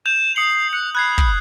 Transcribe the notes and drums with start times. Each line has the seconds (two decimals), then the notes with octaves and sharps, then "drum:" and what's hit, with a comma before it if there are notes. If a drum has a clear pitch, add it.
0.06 G6 E7 F7
0.36 D#6 C7 C#7 F#7
0.73 F#6 C#7
0.95 B5 F#6 G#6 C7
1.18 drum: kick